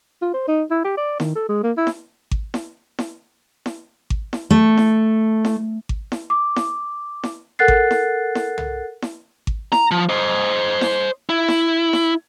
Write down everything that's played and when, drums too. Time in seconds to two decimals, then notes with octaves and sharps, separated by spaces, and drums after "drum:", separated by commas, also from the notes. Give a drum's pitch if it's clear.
0.22 F4
0.34 C5
0.48 D#4
0.71 E4
0.84 G4
0.97 D5
1.20 D#3, drum: snare E4
1.35 A4
1.49 G#3
1.63 A#3
1.77 E4
1.87 drum: snare E4
2.31 drum: kick G#1
2.54 drum: snare E4
2.99 drum: snare E4
3.66 drum: snare E4
4.10 drum: kick G#1
4.33 drum: snare E4
4.51 A3
4.77 drum: snare E4
5.45 drum: snare E4
5.89 drum: kick G#1
6.12 drum: snare E4
6.30 D6
6.56 drum: snare E4
7.23 drum: snare E4
7.59 A4 A#4 F#5 F#6 A6 C7
7.68 drum: kick G#1
7.91 drum: snare E4
8.35 drum: snare E4
8.58 drum: tom
9.02 drum: snare E4
9.47 drum: kick G#1
9.72 A#5, drum: snare E4
9.91 F3
10.09 C5 D#5
10.81 drum: snare E4
11.29 E4
11.48 drum: snare E4
11.93 drum: snare E4